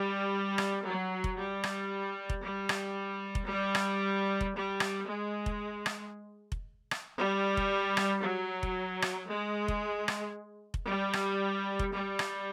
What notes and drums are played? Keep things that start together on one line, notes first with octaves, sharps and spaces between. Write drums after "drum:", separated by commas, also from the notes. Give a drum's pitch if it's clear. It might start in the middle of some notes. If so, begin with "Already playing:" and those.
Already playing: G3
drum: rim click
F#3
drum: kick F1
G3
drum: rim click
drum: kick F1
G3
drum: rim click
drum: kick F1
G3
drum: rim click
drum: kick F1
G3
drum: rim click
G#3
drum: kick F1
drum: rim click
drum: kick F1
drum: rim click
G3
drum: kick F1
drum: rim click
F#3
drum: kick F1
drum: rim click
G#3
drum: kick F1
drum: rim click
drum: kick F1
G3
drum: rim click
drum: kick F1
G3
drum: rim click